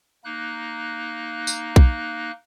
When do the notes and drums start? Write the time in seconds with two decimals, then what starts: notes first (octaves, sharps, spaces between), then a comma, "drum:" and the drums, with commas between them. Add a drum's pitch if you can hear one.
0.24 A#3 D#4 F#6
1.47 drum: tambourine
1.76 drum: kick B1